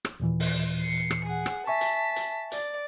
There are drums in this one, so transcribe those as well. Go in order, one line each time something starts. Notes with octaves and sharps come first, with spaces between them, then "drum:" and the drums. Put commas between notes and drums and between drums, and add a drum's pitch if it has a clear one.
drum: rim click
D#2 A#2 E3
drum: open hi-hat
C7 C#7
drum: rim click
G#4 F#5
drum: rim click
E5 G#5 A5 C#6 B6
drum: hi-hat
drum: hi-hat
D5, drum: hi-hat